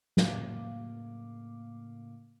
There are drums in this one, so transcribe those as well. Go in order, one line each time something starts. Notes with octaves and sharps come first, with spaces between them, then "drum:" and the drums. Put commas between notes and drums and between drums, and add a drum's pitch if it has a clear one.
A2 C#3 A#3 F5 D6, drum: snare